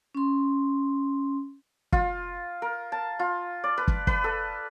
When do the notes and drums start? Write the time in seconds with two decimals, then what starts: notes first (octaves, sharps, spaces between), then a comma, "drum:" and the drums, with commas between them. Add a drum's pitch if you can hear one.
0.15 C#4 C6
1.92 F4, drum: kick
2.62 A#4
2.92 A5
3.19 F4
3.64 D5
3.78 B4
3.88 drum: kick
4.07 B4, drum: kick
4.24 A4